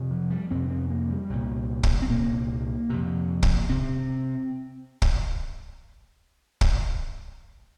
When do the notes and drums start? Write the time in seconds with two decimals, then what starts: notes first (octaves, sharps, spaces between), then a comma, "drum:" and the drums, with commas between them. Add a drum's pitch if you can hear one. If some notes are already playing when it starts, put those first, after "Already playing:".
Already playing: F2 C3
0.11 F3
0.30 G3
0.51 F2 C3 C4
0.70 C4
0.90 A#3
1.11 G3
1.30 C2 A#2
1.83 drum: kick
2.02 C4
2.10 C2 A#2 A#3
2.90 F2 C3
3.43 drum: kick
3.69 C3 C4
5.02 drum: kick
6.61 drum: kick